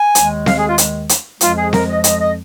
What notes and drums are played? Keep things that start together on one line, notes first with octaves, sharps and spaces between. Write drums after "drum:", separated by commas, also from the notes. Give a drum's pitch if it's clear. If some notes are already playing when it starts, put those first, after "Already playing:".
Already playing: G#5
D#2 D#3 G#3, drum: hi-hat
F5, drum: snare C4
G#4
F4
drum: hi-hat
drum: hi-hat
F2 F3 G#3 F4, drum: hi-hat
G#4
A#4, drum: snare C4
D#5
D#5, drum: hi-hat
D#5